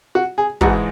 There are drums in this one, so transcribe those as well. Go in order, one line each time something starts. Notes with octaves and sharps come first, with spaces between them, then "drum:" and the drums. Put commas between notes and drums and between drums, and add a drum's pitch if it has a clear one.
F#4
G#4
G#1 G#2 E3 G#3 F#4, drum: kick